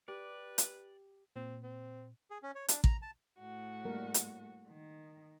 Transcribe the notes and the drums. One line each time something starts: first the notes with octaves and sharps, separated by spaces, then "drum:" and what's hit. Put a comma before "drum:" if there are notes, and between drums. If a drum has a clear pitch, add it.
G4 B4 D5
drum: hi-hat
A#2 C4
C4
G#4
C#4
C#5
D4, drum: hi-hat
A#5, drum: kick
A5
A2 F#4
G3 A#3 A#4
drum: hi-hat
D#3